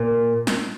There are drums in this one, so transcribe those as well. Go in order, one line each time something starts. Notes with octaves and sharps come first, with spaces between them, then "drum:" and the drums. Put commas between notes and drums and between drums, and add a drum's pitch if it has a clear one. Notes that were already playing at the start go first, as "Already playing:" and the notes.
Already playing: A#2
drum: snare